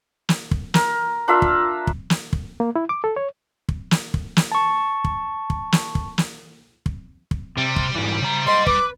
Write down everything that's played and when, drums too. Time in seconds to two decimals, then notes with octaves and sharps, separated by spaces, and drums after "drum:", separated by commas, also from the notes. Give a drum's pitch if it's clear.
0.29 drum: snare
0.51 drum: kick
0.74 A#4, drum: snare
1.28 D4 F4 A#4 E5
1.42 drum: kick
1.87 drum: kick
2.10 drum: snare
2.33 drum: kick
2.60 A#3
2.76 E4
2.89 D6
3.04 A4
3.16 C#5
3.69 drum: kick
3.91 drum: snare
4.14 drum: kick
4.37 drum: snare
4.52 A5 C#6
5.04 drum: kick
5.50 drum: kick
5.72 drum: snare
5.95 drum: kick
6.18 drum: snare
6.86 drum: kick
7.31 drum: kick
7.58 C3 G3
7.76 drum: kick
7.96 G#2 E3
8.22 C#3 A#5
8.47 C5 D#5 C6
8.67 B4 D6, drum: kick